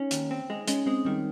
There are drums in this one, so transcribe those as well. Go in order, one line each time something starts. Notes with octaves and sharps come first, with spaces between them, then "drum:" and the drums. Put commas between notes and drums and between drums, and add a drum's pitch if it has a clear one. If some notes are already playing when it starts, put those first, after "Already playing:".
Already playing: C#4 D#4
D#2, drum: hi-hat
C4
G#3
G#3 C#4, drum: hi-hat
G#3 C4
D#3 G3